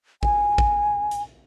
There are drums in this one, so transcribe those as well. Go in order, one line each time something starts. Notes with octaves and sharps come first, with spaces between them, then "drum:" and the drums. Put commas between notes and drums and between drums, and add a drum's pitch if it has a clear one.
G#5, drum: kick A1
drum: kick A1
drum: hi-hat